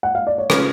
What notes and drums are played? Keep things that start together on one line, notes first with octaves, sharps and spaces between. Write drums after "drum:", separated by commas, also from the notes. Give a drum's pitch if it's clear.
F#5
F5
D5
C#5
C#3 G#3 C#4 F4 B4, drum: rim click